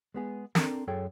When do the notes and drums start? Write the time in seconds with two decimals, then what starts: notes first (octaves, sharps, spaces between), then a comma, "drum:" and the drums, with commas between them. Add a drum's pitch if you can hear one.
0.14 G#3 B3 G#4
0.55 C4 D4 A4 A#4, drum: snare
0.87 F#2 G#4 A4 C#5 G5